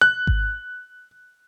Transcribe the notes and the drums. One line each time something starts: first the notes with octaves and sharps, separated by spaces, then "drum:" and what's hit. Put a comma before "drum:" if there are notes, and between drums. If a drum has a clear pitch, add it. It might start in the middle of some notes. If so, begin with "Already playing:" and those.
F#6
drum: kick G#1